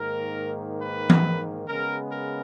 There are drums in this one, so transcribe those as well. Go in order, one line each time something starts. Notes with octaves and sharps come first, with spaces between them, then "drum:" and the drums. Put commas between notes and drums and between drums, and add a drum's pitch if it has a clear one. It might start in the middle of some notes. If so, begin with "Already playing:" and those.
Already playing: G#2 D#3 A#3 A#4
B4
drum: tom E3
C#3 G#3 B3 A#4
A#4